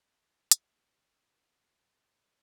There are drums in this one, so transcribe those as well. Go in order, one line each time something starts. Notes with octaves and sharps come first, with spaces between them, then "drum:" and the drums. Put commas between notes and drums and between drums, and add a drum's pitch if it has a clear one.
D5 E5 F#5 A5 D#6
drum: hi-hat
A2 G3 D4 D#4 F4 D#6
G4 B4 G5
D#2 A2 C#3 G#3
A#2 D3 G#3 C4 C#4